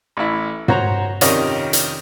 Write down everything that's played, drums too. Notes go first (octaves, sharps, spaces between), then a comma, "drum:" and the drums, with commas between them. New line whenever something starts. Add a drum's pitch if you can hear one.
A1 E4
F#4 C5 C#5 A#5, drum: tom
F2 C3 D#3 C#4 D5 D#5, drum: hi-hat
drum: hi-hat